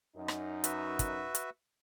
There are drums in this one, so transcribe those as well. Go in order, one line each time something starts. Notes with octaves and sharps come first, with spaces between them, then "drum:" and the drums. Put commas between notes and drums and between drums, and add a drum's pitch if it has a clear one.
F#2 D#4
drum: rim click
F#4 B4 E5, drum: hi-hat
drum: kick, hi-hat
drum: hi-hat